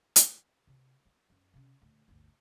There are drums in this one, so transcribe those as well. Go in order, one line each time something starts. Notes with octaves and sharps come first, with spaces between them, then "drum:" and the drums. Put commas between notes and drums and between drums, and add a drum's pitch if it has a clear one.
drum: hi-hat
C3 F4
F#3
F#2
C3 C#4
D2 A#2
G1 D2